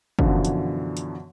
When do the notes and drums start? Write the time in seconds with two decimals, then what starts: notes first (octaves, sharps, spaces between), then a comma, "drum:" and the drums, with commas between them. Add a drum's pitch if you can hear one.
0.19 F#2 B2 D3 E3 F3, drum: kick
0.45 drum: hi-hat
0.97 drum: hi-hat